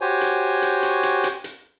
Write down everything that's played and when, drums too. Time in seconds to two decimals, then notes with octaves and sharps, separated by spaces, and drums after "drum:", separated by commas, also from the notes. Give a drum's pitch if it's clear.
0.01 F#4 G4 C5 C#5 G#5
0.21 drum: hi-hat
0.62 drum: hi-hat
0.83 drum: hi-hat
1.03 drum: hi-hat
1.24 drum: hi-hat
1.44 drum: hi-hat